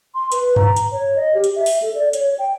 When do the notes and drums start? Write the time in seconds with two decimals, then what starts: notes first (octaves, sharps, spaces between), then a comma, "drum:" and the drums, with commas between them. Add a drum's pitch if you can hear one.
0.15 C6
0.32 B4, drum: hi-hat
0.56 A#5, drum: tom G2
0.76 drum: hi-hat
0.92 C#5
1.16 D#5
1.34 G4
1.44 drum: hi-hat
1.56 E5
1.66 drum: open hi-hat
1.82 A4
1.95 D5
2.13 C#5, drum: hi-hat
2.38 G5